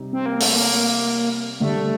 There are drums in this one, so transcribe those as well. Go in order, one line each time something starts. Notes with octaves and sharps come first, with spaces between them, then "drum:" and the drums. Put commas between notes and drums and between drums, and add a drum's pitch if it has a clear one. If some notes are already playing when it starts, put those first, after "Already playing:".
Already playing: C3 G3 D#4
C4
A#3
A3, drum: open hi-hat
A#3
D3 G3 A3 D4